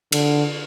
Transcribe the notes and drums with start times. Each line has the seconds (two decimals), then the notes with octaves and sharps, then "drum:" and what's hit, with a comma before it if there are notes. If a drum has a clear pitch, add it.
0.12 D3, drum: cymbal